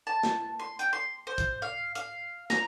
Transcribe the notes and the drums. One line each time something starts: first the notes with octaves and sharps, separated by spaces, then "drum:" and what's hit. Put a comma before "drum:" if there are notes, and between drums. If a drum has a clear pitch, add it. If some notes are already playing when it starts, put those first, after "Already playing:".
A5
drum: snare
C6
G5, drum: hi-hat
C6
C5
drum: kick, hi-hat
F5
F5, drum: hi-hat
A#5, drum: snare